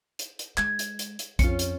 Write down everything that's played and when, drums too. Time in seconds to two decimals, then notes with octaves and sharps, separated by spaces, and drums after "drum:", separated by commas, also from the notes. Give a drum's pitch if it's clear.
0.19 drum: hi-hat
0.39 drum: hi-hat
0.57 G#3 G#6, drum: clap
0.79 drum: hi-hat
0.99 drum: hi-hat
1.19 drum: hi-hat
1.39 F2 C#4 F4 C#7, drum: kick B1, hi-hat
1.59 drum: hi-hat